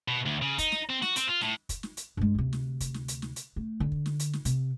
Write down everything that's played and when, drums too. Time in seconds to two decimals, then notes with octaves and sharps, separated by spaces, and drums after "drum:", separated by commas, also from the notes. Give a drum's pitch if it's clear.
0.08 B2
0.26 D2
0.42 C#3
0.58 D#4, drum: kick, hi-hat
0.72 drum: snare
0.89 C4
1.02 F#4, drum: snare
1.16 C4, drum: hi-hat
1.27 F4
1.41 A2, drum: snare
1.69 drum: kick, hi-hat
1.83 drum: snare
1.97 drum: hi-hat
2.17 G2 G#3
2.35 D2 C3
2.53 drum: snare
2.80 drum: kick, hi-hat
2.94 drum: snare
3.08 drum: hi-hat
3.22 drum: snare
3.36 drum: hi-hat
3.56 A3
3.80 D3
3.92 drum: kick
4.06 drum: snare
4.20 drum: hi-hat
4.33 drum: snare
4.45 C3, drum: hi-hat